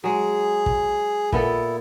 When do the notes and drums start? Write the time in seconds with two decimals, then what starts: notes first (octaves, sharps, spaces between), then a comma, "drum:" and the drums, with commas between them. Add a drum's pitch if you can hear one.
0.04 F#3 G#3 G#4
0.66 drum: kick
1.32 A#2 B3 E4 A4, drum: kick